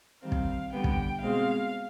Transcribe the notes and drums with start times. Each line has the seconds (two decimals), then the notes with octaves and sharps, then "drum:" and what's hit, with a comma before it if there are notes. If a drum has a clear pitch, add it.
0.22 D#3 G3 C4 F5
0.32 drum: kick
0.72 D3 G3 B3 G5
0.84 drum: kick
1.21 B2 G#3 C4 F5